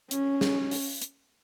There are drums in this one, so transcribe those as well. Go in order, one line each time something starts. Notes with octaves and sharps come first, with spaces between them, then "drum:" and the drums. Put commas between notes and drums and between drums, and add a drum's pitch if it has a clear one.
C#4, drum: hi-hat
drum: snare
drum: open hi-hat
drum: hi-hat